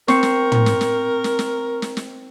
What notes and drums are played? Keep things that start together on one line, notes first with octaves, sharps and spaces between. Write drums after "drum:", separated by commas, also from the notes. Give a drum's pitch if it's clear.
C4 A#4 C#6 C#7, drum: snare
drum: snare
drum: tom
drum: snare
drum: snare
drum: snare
drum: snare
drum: snare
drum: snare